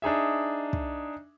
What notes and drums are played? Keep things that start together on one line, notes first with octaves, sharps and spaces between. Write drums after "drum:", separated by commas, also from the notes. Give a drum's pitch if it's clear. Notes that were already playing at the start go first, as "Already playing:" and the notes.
D4 D#4 G#4 E5
drum: kick